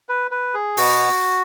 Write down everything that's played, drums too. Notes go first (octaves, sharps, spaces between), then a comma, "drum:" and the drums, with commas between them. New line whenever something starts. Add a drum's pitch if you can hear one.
B4
B4
G#4
B2 B3 F#4, drum: open hi-hat